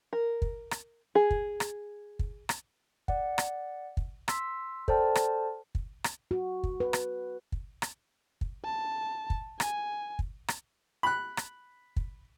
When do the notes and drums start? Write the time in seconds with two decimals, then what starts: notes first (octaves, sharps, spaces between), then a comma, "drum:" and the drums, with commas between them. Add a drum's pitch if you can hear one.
0.13 A#4
0.42 drum: kick
0.71 drum: rim click
1.15 G#4
1.31 drum: kick
1.60 drum: rim click
2.19 drum: kick
2.49 drum: rim click
3.08 D5 F#5, drum: kick
3.38 drum: rim click
3.97 drum: kick
4.28 C6 E6 B6, drum: rim click
4.88 A4 C5 D5 G5 A5 F6, drum: kick
5.15 drum: rim click
5.75 drum: kick
6.04 drum: rim click
6.31 F#4
6.64 drum: kick
6.80 B4
6.93 drum: rim click
7.52 drum: kick
7.82 drum: rim click
8.41 drum: kick
8.64 A5
9.30 drum: kick
9.60 G#5, drum: rim click
10.19 drum: kick
10.48 drum: rim click
11.03 B5 F#6
11.37 drum: rim click
11.96 drum: kick